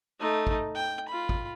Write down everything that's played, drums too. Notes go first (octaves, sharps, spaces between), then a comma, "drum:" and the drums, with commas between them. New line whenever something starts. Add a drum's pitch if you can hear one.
A3 D#4
drum: kick
G5
F4 B5
drum: kick